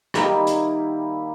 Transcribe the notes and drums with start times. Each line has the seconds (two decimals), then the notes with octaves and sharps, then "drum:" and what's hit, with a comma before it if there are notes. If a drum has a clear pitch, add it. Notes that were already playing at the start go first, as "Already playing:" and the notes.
0.14 D#3 G3 A#3 E4, drum: rim click
0.47 drum: hi-hat